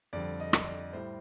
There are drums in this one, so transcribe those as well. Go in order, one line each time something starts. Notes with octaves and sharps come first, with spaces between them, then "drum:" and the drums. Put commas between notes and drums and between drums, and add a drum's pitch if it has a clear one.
F2 D3 G3 D5
D#5
drum: rim click
D5
A2 G3 C5